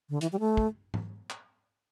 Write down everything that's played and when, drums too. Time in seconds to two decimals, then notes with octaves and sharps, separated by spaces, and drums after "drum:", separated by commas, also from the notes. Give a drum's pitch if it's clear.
0.09 D3
0.21 E3, drum: hi-hat
0.32 G3
0.39 A3
0.57 drum: kick
0.94 drum: tom G#2
1.30 drum: clap